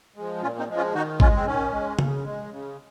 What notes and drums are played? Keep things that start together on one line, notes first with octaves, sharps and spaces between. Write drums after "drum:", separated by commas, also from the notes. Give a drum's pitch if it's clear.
F3 G#3
A#2 C#4 F4
C4 D#4
F3 G#3
C#4 F4
D#3 D#4 F#4
G#3 C#4 F4, drum: kick G#1
C4
D#3 C#4
G#3
C#3, drum: tom C#3
G#3
C#3